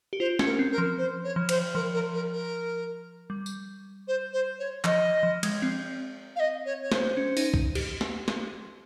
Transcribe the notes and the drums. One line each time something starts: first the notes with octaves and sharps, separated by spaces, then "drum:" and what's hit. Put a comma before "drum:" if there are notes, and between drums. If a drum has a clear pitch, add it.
G4
F4 C5
C#4, drum: snare
A#4
C4
A#4
F3
C5
C#5
F3
C5, drum: cymbal
F3 A#4
A#4
A#4
A#4
G3
drum: tambourine
C5
C5
C#5
F3 D#5, drum: clap
F3
G#3, drum: cymbal
C4
F5
D#5
C#5
C#5
C5, drum: snare
C#4
D#4, drum: open hi-hat
drum: kick B1
G4, drum: cymbal
drum: snare
drum: snare